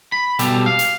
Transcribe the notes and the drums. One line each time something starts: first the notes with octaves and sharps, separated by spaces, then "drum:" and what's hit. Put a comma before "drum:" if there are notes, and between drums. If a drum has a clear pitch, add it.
B5
B2 G3 G4 A4, drum: hi-hat
F5
drum: hi-hat